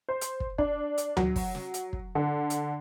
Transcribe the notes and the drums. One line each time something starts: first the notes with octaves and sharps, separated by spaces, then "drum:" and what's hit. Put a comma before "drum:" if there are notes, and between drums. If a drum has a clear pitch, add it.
C5
drum: hi-hat
drum: kick
D4, drum: kick
drum: hi-hat
F#3, drum: tom D2
drum: kick, open hi-hat
drum: snare
drum: hi-hat
drum: kick
D3
drum: hi-hat